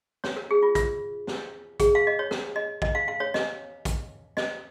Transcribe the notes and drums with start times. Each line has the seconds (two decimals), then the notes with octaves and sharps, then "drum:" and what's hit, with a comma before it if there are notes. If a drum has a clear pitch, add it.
0.24 C#5, drum: snare
0.37 A#4
0.51 G#4
0.63 F4
0.75 F4, drum: kick, hi-hat
1.27 drum: snare
1.80 G#4, drum: kick, hi-hat
1.95 F5
2.07 D#5
2.19 C#5
2.31 A#4, drum: snare
2.56 D#5
2.82 D#5, drum: kick
2.95 F5
3.08 F5
3.20 C#5
3.34 D#5, drum: snare
3.85 drum: kick, hi-hat
4.37 D#5, drum: snare